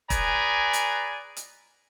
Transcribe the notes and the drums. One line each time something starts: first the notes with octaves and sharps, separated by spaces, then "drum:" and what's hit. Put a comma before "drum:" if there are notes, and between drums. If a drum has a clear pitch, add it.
G#4 B4 D5 G#5 A#5, drum: kick E1, hi-hat
drum: hi-hat
drum: hi-hat